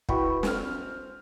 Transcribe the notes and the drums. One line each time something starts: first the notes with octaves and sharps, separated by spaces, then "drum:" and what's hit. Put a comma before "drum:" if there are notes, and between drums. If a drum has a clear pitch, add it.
E4 F#4 B4 G5 B5 C#6, drum: kick
C4 F6, drum: snare